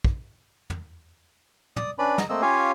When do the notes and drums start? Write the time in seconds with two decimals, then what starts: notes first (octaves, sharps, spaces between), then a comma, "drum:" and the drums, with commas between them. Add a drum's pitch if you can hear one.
0.05 drum: kick
0.70 drum: tom
1.76 D5 D#6, drum: tom
1.99 C#4 D4 B4 D5 B5
2.18 D#5 A#5, drum: snare
2.29 A3 A#3 C4 D#5 E6
2.42 C#4 F4 G4 C#5 F5 G#5